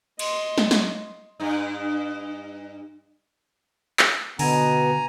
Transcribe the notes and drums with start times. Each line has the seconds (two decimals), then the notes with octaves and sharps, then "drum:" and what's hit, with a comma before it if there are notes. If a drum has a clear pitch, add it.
0.19 D#5 C6, drum: cymbal
0.58 drum: snare
0.71 drum: snare
1.40 G2 D#4
3.99 drum: clap
4.39 B2 D3 B3 G#5 A#5, drum: open hi-hat